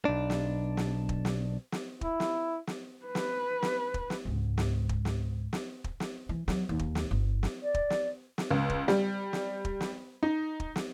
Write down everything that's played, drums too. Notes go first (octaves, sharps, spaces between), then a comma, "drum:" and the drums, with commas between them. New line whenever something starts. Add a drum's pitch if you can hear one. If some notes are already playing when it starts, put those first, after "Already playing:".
B1 D4
drum: snare
drum: snare
drum: kick
drum: snare
drum: snare
E4, drum: kick
drum: snare
drum: snare
B4
drum: snare
drum: snare
drum: kick
drum: snare
C#2 G#2
drum: snare
drum: kick
drum: snare
drum: snare
drum: kick
drum: snare
E3
F#3, drum: snare
D#2
drum: kick
drum: snare
G1
drum: snare
D5
drum: kick
drum: snare
drum: snare
C#2
drum: kick
G3, drum: snare
drum: snare
drum: kick
drum: snare
D#4
drum: kick
drum: snare